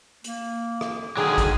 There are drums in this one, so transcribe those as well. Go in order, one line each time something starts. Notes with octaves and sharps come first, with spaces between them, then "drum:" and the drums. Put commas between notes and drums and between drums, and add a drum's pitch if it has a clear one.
A#3, drum: hi-hat
drum: rim click
D3 D#3 F#3 G#4 D#6
drum: kick, hi-hat